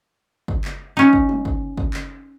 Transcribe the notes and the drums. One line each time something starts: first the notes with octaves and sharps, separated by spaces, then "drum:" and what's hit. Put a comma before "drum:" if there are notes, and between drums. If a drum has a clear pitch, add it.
drum: kick
drum: clap
C#4 D#4
drum: kick
drum: tom G3
drum: kick
drum: kick
drum: clap